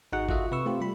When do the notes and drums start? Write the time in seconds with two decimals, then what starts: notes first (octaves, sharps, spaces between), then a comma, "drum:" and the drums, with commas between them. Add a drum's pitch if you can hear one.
0.12 G#1 D#4 F#4 G#4 F#5
0.29 F4 F#4 A4 D#5 E5, drum: kick G1
0.52 C3 B4 E5 C#6 E6
0.66 A3 C4 F4 G4
0.81 G3 B5